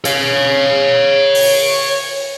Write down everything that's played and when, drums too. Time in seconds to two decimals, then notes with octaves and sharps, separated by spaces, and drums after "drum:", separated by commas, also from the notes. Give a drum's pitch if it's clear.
0.05 C#5 F5, drum: hi-hat
1.35 drum: open hi-hat